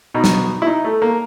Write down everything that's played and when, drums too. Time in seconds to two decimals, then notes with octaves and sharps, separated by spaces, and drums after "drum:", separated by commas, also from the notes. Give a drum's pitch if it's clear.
0.14 B2 D#4
0.24 drum: snare
0.62 E4
0.67 D#4
0.84 A3
1.02 A#3